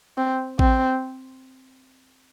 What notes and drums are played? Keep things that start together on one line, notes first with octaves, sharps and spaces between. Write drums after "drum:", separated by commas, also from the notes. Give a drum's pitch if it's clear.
C4
C4, drum: kick A1